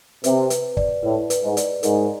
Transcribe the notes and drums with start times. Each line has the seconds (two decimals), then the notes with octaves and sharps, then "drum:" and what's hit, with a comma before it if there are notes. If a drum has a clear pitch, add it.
0.24 C3 B4, drum: hi-hat
0.50 B4, drum: hi-hat
0.77 D5, drum: kick
1.03 A2 B4
1.30 B4, drum: hi-hat
1.43 G#2
1.57 D5, drum: hi-hat
1.83 G#2 A#4, drum: hi-hat